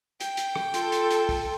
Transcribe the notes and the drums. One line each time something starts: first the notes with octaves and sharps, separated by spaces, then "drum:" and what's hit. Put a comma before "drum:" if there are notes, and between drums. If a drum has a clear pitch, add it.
G5, drum: hi-hat
drum: hi-hat
drum: rim click
F4 A4, drum: hi-hat
drum: hi-hat
drum: hi-hat
drum: kick, open hi-hat